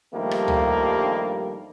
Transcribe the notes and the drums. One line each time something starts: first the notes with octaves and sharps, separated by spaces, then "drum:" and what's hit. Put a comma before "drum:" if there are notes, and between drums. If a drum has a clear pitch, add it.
G2 D#3 F3 G3 A3 A#3
drum: rim click
drum: tom